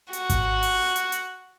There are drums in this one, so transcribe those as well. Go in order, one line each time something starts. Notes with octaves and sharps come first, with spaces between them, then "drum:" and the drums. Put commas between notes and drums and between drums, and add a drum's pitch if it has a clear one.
F#4, drum: hi-hat
drum: kick G#1, hi-hat
drum: open hi-hat
drum: hi-hat
drum: hi-hat